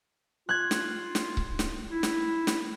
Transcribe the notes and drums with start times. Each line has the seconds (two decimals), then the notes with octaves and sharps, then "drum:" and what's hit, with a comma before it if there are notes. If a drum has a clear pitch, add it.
0.49 F4 F#6 G#6
0.71 drum: snare
1.15 drum: snare
1.37 drum: kick C#1
1.59 drum: snare
1.91 E4
2.03 drum: snare
2.47 drum: snare